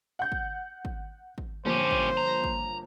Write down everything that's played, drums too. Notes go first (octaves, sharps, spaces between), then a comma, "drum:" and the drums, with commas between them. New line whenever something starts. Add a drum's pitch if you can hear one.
F#5 G6
drum: kick
drum: kick
drum: kick
G1 F3 A#3 C#4 G4 C5
drum: kick
A#5
drum: kick